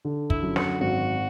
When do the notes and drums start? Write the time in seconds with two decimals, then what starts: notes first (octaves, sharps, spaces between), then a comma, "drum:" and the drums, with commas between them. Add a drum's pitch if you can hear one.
0.05 D3
0.30 E4, drum: kick
0.43 F#2
0.56 F#4, drum: snare
0.81 G#1 F#4